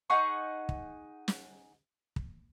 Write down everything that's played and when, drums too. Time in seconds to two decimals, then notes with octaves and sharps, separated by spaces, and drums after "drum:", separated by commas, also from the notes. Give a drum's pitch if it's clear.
0.10 D#4 G#4 F#5 C#6
0.69 drum: kick
1.28 drum: snare
2.16 drum: kick